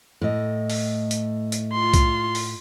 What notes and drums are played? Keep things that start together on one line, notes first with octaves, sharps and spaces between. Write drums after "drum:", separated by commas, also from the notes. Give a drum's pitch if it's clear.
A2 D#5
drum: open hi-hat
drum: hi-hat
drum: hi-hat
F4 C6
drum: kick C2, hi-hat
drum: open hi-hat